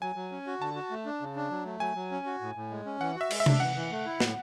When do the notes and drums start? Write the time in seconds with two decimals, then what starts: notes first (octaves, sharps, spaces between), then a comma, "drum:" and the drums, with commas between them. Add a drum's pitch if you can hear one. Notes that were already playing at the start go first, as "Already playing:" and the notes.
0.02 F#3 G#5
0.16 F#3
0.32 C#4
0.47 F#4
0.61 D3 A5
0.75 F#4
0.91 A3
1.05 D4
1.21 C#3
1.36 D4
1.51 F#3
1.66 A3
1.80 F#3 G#5
1.95 F#3
2.11 C#4
2.26 F#4
2.41 A2
2.55 A2
2.71 G#3
2.86 C#4
3.00 E3 F#5
3.16 F#4 E5
3.31 G#3, drum: cymbal
3.40 E5
3.46 D4, drum: tom C3
3.60 E3 F#5
3.76 E3
3.91 A3
4.06 E4
4.20 A2, drum: snare